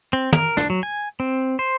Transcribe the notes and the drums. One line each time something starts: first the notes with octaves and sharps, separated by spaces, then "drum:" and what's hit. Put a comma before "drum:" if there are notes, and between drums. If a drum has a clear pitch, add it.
C4
A#4, drum: tom
D4, drum: snare
F#3
G#5
C4
C5